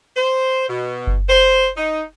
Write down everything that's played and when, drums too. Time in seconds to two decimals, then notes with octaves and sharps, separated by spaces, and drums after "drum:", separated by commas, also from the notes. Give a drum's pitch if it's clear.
0.17 C5
0.69 B2
1.07 drum: kick F#1
1.29 C5
1.76 D#4